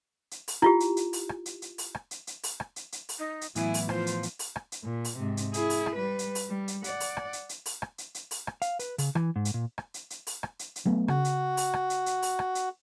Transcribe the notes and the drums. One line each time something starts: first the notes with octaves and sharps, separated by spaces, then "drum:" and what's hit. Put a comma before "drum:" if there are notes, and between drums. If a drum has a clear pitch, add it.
drum: hi-hat
drum: open hi-hat
E4 F4 G4, drum: rim click
drum: hi-hat
drum: hi-hat
drum: open hi-hat
drum: rim click
drum: hi-hat
drum: hi-hat
drum: open hi-hat
drum: rim click
drum: hi-hat
drum: hi-hat
drum: open hi-hat
drum: rim click
drum: hi-hat
drum: hi-hat
drum: open hi-hat
D#4
drum: hi-hat
A2 E3 F#3 B3 E4 G#5, drum: hi-hat
drum: open hi-hat
F3 F4 C5, drum: rim click
drum: hi-hat
drum: hi-hat
drum: open hi-hat
drum: rim click
drum: hi-hat
A#2
drum: open hi-hat
G#2 C3
drum: hi-hat
E4 G#4, drum: hi-hat
drum: open hi-hat
drum: rim click
G3 B4
drum: hi-hat
drum: open hi-hat
G3
drum: hi-hat
D5 F#5, drum: hi-hat
drum: open hi-hat
drum: rim click
drum: hi-hat
drum: hi-hat
drum: open hi-hat
drum: rim click
drum: hi-hat
drum: hi-hat
drum: open hi-hat
drum: rim click
F5, drum: hi-hat
B4, drum: hi-hat
C#3, drum: open hi-hat
E3, drum: rim click
G#2
drum: hi-hat
A#2
drum: rim click
drum: hi-hat
drum: hi-hat
drum: open hi-hat
drum: rim click
drum: hi-hat
drum: hi-hat
F#3 A3 B3
C#3 F#4, drum: rim click
drum: hi-hat
drum: open hi-hat
drum: rim click
drum: hi-hat
drum: hi-hat
drum: open hi-hat
drum: rim click
drum: hi-hat